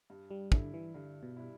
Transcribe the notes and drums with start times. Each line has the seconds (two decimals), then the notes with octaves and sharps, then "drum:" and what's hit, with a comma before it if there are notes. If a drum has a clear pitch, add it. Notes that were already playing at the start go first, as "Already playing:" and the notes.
0.10 G2
0.31 G3
0.52 D3 G3 E4, drum: kick
0.74 E3
0.94 G2 D3
1.23 B2
1.37 G3 E4